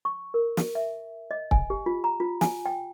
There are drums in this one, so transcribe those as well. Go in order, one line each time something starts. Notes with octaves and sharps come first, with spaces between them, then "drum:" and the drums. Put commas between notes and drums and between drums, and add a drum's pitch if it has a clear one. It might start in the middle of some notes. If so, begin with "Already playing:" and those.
C#6
A#4
drum: snare
E5
D#5
G#5, drum: kick
G4
F4
A#5
F4
G#5, drum: snare
G5